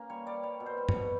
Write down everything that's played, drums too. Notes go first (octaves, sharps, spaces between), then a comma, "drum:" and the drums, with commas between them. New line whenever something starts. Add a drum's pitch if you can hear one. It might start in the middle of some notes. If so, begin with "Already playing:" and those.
Already playing: A#3 C#4
G3 C#5
G3 D5
G3 C#5
B2
C5
G3
C#5, drum: tom F#2
B2